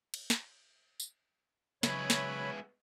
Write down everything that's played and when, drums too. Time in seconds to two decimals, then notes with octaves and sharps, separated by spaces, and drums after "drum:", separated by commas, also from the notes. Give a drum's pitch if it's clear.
0.14 drum: cymbal
0.30 drum: snare
1.00 drum: tambourine
1.83 C#3 F#3 G#3 B3 C#5 E5 G#5 B5, drum: snare
2.10 drum: snare